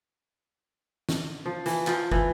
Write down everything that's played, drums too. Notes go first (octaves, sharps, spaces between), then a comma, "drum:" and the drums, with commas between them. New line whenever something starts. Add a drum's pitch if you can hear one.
drum: snare
F3
E3, drum: hi-hat
F3, drum: clap
E3, drum: kick